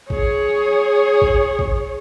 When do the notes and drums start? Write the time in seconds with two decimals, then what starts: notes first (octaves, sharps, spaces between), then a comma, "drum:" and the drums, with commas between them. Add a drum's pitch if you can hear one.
0.10 G#4 C#5, drum: kick A1
1.22 drum: kick A1
1.59 drum: kick A1